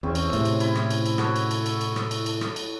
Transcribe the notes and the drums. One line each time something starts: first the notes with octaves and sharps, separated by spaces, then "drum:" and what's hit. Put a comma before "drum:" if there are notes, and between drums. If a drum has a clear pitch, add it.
E2 C#3 C4 C#6
drum: cymbal
A2 C3, drum: cymbal
drum: cymbal
E4, drum: cymbal
drum: rim click
drum: cymbal
drum: cymbal
F#4 A4 C#5, drum: rim click
drum: cymbal
drum: cymbal
drum: cymbal
drum: cymbal
drum: rim click
drum: cymbal
drum: cymbal
drum: rim click
drum: cymbal